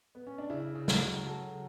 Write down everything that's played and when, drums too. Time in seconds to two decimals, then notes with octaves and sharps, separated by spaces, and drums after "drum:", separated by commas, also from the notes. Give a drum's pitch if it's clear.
0.15 B3
0.27 C#4
0.38 D4
0.50 C#3 E4
0.75 C#3
0.88 drum: snare
1.00 F#3
1.26 F#3 A4
1.51 C#3